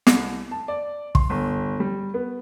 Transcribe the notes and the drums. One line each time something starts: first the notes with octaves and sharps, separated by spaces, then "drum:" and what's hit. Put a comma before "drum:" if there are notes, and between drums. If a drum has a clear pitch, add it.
C2, drum: snare
A5
D5
C6, drum: kick
G1
G3
B3